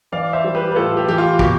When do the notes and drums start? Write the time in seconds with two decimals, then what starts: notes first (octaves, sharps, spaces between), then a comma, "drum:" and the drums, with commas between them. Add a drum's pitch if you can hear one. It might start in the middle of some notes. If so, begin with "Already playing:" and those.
0.12 E3 D5 F5
0.33 C5 E5
0.44 G3
0.55 G4 B4
0.72 B4
0.76 A2 F4 A4
0.97 G4
1.08 E3 G4
1.18 F4
1.39 B2 G4, drum: kick